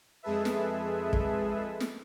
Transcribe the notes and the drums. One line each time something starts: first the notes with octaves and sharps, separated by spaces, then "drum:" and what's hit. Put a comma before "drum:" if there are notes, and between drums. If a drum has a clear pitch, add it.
F2 G#3 G#4 A4 B4 E5
drum: snare
drum: kick
drum: snare